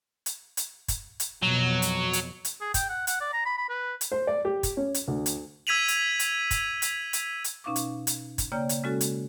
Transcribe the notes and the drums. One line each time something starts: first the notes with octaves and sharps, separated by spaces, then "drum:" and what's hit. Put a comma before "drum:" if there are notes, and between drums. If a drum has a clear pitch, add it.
drum: hi-hat
drum: hi-hat
drum: kick, hi-hat
drum: hi-hat
F2 B2 F#3
drum: hi-hat
drum: hi-hat
drum: hi-hat
G#4
G5, drum: kick, hi-hat
F#5
F#5, drum: hi-hat
D5
A#5
B5
B5
B4
drum: hi-hat
C5
D5
G4
drum: kick, hi-hat
C#4
drum: hi-hat
D2
drum: hi-hat
E6 G#6 B6 D#7 F7 F#7
drum: hi-hat
drum: hi-hat
drum: kick, hi-hat
drum: hi-hat
drum: hi-hat
drum: hi-hat
B2 C#4 D#4 F5 C#6 D6
drum: hi-hat
drum: hi-hat
drum: kick, hi-hat
C#3 A#3 C#5 D5 G5 G6
drum: hi-hat
C#3 G#3 C#4 F#4 A4
drum: hi-hat